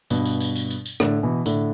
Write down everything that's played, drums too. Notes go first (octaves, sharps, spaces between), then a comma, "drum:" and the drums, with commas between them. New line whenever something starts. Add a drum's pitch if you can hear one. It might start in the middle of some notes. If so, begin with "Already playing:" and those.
G2 B2, drum: tambourine
drum: tambourine
drum: tambourine
drum: tambourine
drum: tambourine
drum: tambourine
A2 D3, drum: rim click
B2 E3
A2 D3, drum: tambourine